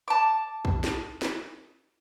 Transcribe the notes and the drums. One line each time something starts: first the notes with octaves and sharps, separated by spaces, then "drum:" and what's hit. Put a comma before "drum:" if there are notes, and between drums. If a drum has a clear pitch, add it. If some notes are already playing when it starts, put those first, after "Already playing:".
A5 D6
drum: kick A#1
drum: snare
drum: snare